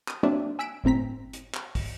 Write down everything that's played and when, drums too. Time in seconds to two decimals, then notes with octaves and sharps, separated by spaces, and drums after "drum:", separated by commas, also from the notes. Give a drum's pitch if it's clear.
0.08 D#6 D#7, drum: clap
0.23 F#3 A#3 C4 D4 D5 E5
0.59 G#5 E6 F#6 B6 D7 E7
0.84 G1 A2 C4 A#5 B6
1.33 drum: hi-hat
1.54 drum: clap
1.75 drum: kick, open hi-hat